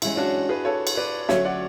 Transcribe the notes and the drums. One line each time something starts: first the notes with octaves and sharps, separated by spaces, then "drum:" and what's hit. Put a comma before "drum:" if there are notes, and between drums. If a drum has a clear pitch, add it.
F#2 E3 G#3 C#4 E4, drum: cymbal
D4 F#4
G#4 B4
A4 C#5
drum: cymbal
B4 D5
D3 F#3 A3 C#4 F#4 C#5 E5, drum: snare
D5 F#5